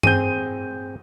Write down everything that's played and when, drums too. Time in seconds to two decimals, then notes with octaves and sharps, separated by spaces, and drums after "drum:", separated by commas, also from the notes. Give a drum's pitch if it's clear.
0.03 C4 G#4 G6 D#7, drum: tom G2